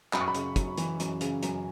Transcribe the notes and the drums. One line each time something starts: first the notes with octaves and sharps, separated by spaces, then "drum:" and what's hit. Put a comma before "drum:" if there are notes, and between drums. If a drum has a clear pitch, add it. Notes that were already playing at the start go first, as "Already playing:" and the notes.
F#2 B5, drum: clap
C#6
B5
C#3, drum: hi-hat
F#2, drum: kick, hi-hat
E3, drum: hi-hat
F#2, drum: hi-hat
C#3, drum: hi-hat
F#2, drum: hi-hat